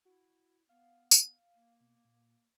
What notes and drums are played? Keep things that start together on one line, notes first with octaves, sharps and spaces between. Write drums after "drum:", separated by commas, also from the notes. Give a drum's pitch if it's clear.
E4 F#4
B3 F5
drum: tambourine
A#3
B2
A#2